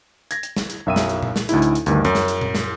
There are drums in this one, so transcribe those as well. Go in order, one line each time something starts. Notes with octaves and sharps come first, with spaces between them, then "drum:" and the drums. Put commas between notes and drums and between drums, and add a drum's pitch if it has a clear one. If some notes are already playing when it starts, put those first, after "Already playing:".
G#6 A#6, drum: hi-hat
drum: hi-hat
drum: snare
drum: hi-hat
B1 F#2 E5 G5 D#7
drum: snare
drum: hi-hat
drum: tom A#2
drum: snare
D2 A2 D#4 E4, drum: hi-hat
drum: hi-hat
drum: hi-hat
D2 G2 D#3, drum: hi-hat
F#2, drum: hi-hat
drum: snare
drum: hi-hat
drum: tom A#2
drum: snare